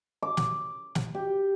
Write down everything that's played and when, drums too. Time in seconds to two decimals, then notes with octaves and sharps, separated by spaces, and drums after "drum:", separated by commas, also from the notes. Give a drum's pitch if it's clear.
0.22 D6
0.37 drum: snare
0.95 drum: snare
1.15 G4